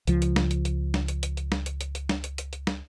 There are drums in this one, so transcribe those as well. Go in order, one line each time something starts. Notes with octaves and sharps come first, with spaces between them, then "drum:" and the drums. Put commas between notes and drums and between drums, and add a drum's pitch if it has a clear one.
C#2 F3, drum: hi-hat
drum: hi-hat
drum: snare
drum: hi-hat
drum: hi-hat
drum: snare
drum: hi-hat
drum: hi-hat
drum: hi-hat
drum: snare
drum: hi-hat
drum: hi-hat
drum: hi-hat
drum: snare
drum: hi-hat
drum: hi-hat
drum: hi-hat
drum: snare